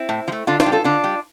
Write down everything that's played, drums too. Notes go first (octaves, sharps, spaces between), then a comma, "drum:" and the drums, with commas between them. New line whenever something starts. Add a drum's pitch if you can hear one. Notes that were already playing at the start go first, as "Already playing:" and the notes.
Already playing: C4 E4
A2
F3
A3
D3 D4 F4
D4 F4, drum: snare
G3
F4 A4
D3 D4 F4
G3